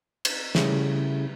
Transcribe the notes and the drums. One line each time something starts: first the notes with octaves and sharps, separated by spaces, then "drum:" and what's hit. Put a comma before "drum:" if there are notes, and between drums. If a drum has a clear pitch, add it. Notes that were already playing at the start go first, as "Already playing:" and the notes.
drum: cymbal
C#3 G3 A3 C#4 E4 G#4, drum: snare